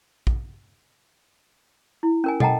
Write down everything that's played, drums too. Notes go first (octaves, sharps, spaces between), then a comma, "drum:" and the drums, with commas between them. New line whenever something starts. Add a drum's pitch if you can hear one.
drum: kick
E4
C#4 A#4 G#5
A4 D#5 F#5 G5 A5 A#5, drum: tom